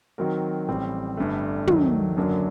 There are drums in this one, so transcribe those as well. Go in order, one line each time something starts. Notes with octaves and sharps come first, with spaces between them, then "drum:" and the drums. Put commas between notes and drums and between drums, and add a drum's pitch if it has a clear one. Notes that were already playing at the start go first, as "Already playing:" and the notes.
D#3 F#3 C4 F#4 A#4
A1 A2 G3 C4
G1 G2 D3 A3
D#2 D#3 F#3 A3, drum: tom
F#2 D3 F#3 A#3 D4